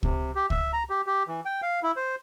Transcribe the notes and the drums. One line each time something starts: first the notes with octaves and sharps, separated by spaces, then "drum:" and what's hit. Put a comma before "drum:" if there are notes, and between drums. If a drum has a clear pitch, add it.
C3, drum: kick C#2
G4
E5, drum: kick C#2
A#5
G4
G4
E3
G5
F5
E4
C5